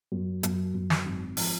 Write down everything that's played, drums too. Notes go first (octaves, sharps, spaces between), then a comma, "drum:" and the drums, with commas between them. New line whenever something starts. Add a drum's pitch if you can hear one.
F#2
F#2, drum: hi-hat
F#2
drum: snare
G#1
F3, drum: open hi-hat